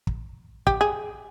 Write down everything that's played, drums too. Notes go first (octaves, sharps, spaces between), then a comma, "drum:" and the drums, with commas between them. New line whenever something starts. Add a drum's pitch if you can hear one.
drum: kick
G4, drum: kick
G#4